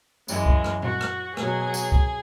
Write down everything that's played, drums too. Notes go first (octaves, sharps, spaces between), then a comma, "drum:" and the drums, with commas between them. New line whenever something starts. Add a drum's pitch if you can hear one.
F#2 E3 G#3, drum: tambourine
drum: kick
drum: rim click
F#4, drum: tom A#2
drum: rim click
B2 F#3 G#4, drum: rim click
drum: tambourine
drum: kick